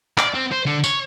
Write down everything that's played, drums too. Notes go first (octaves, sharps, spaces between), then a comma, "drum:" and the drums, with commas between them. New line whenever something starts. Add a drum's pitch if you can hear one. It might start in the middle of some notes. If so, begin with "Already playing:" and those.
D5, drum: clap
C4
C5
D3
C#5, drum: tambourine